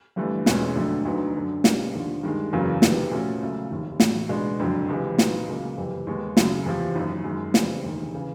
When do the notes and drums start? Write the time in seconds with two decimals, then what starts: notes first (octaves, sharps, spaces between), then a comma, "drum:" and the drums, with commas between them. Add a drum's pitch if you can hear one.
0.16 G1 G2 E3 A3
0.46 E1 E2 B2 G#3 C#4, drum: snare
0.76 F2 D3 F#3 A3
1.05 D2 D3 F#3 B3 D#4
1.34 F#2 D3 F#3
1.64 B2 G3 A#3 C#4, drum: snare
1.94 D#2 D3 F3
2.23 G2 D#3 G#3
2.53 F#1 E2 C#3 F#3 A#3
2.82 F2 C3 D#3 F#3 B3, drum: snare
3.11 A#2 F3 A3 C#4 F#4
3.42 C#2 C#3 F#3 A3
3.70 F1 D#2 D#3
4.00 A1 A2 F#3, drum: snare
4.29 C#2 B2 G#3 B3 D4
4.59 F#1 F2 D3 F#3
4.89 C#2 C3 E3
5.18 A#2 F#3 B3 D#4, drum: snare
5.48 C#2 C#3 F#3 A#3
5.77 F#1 F2 C3 E3
6.07 D#2 D#3 G#3 B3
6.37 F#1 F#2 C#3 F#3, drum: snare
6.66 E2 C3 F3
6.95 F#1 F#2 D#3
7.24 F#2 D#3 G#3
7.54 F2 C#3 E3 G3 C4, drum: snare
7.84 E1 D2 C3 D#3
8.15 C#3 E3